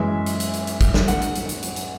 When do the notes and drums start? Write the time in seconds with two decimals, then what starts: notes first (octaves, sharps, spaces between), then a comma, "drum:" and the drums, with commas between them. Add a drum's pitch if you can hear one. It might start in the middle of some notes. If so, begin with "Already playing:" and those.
Already playing: F#2 E3 G#3 E5
0.26 drum: hi-hat
0.40 drum: hi-hat
0.53 drum: hi-hat
0.67 drum: hi-hat
0.81 drum: kick, hi-hat
0.94 drum: snare
1.08 F#5, drum: hi-hat
1.22 drum: hi-hat
1.35 drum: hi-hat
1.49 drum: hi-hat
1.62 drum: hi-hat
1.76 drum: hi-hat